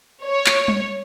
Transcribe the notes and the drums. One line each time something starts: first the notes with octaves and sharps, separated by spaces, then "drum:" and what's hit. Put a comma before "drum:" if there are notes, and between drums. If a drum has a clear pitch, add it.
C#5
drum: clap
drum: tom G3